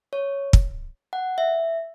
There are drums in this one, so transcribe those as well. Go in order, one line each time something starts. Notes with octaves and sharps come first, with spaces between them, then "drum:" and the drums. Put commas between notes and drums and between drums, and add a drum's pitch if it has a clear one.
C#5
drum: kick
F#5
E5